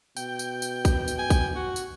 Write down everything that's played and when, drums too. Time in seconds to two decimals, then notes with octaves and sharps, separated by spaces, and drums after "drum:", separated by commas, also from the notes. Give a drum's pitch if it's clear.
0.17 B2 G5, drum: tambourine
0.39 drum: tambourine
0.62 drum: tambourine
0.85 drum: kick, tambourine
1.08 drum: tambourine
1.18 G#5
1.30 drum: kick, tambourine
1.55 F#4
1.76 drum: tambourine